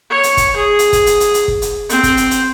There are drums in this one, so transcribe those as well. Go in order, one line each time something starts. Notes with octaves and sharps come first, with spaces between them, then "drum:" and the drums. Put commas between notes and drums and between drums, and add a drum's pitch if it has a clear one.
C#5
drum: hi-hat
drum: kick, hi-hat
G#4
drum: hi-hat
drum: kick, hi-hat
drum: hi-hat
drum: hi-hat
drum: hi-hat
drum: kick
drum: hi-hat
C4, drum: hi-hat
drum: kick, hi-hat
drum: hi-hat
drum: hi-hat